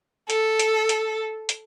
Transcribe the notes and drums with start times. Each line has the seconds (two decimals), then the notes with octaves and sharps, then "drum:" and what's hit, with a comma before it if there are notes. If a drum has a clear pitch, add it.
0.30 A4, drum: hi-hat
0.59 drum: hi-hat
0.89 drum: hi-hat
1.49 drum: hi-hat